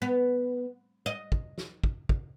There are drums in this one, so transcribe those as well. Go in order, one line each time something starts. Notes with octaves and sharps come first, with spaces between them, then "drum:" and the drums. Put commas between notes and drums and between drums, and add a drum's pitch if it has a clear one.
B3
D#5
drum: kick
drum: snare
drum: kick
drum: kick